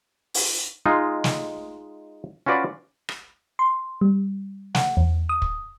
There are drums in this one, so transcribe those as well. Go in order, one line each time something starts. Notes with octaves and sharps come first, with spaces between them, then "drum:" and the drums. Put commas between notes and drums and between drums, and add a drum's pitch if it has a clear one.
drum: open hi-hat
G#3 D#4 F4
drum: snare
C#4 F4 F#4 B4 D5
drum: rim click
C6
G3
F#5, drum: snare
E2
D#6
drum: kick